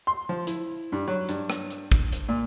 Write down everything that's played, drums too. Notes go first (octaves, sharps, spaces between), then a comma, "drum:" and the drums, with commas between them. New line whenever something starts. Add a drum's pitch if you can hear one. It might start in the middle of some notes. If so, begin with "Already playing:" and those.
C6
F3
E4, drum: hi-hat
G2
F#3
G2, drum: hi-hat
drum: rim click
drum: hi-hat
drum: kick
drum: hi-hat
A#2